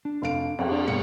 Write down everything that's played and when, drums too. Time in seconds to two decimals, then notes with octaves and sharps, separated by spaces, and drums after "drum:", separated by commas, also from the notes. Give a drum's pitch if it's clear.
0.05 D4
0.22 F1 F5 D7
0.59 F2, drum: cymbal
0.72 D4 D5
0.87 G2 B2 A#3 C#7